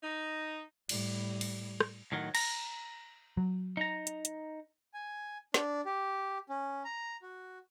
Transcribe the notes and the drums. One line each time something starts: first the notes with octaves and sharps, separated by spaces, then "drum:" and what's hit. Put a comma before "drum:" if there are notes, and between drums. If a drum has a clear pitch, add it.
D#4
A2 G3, drum: cymbal
drum: cymbal
drum: rim click
A2 D#3 F#3
A#5, drum: cymbal
F#3
D#4 A#5
drum: hi-hat
drum: hi-hat
G#5
D4, drum: snare
G4
C#4
A#5
F#4